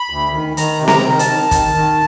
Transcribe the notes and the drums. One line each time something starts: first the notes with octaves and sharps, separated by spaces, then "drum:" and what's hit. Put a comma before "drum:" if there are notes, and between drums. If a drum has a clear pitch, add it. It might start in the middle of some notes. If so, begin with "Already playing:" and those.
Already playing: B5
D2
D#3
D#3 A#5, drum: hi-hat
C3
A#5, drum: snare C4
D#3
A5, drum: hi-hat
D#3
D#3, drum: kick, hi-hat
D#3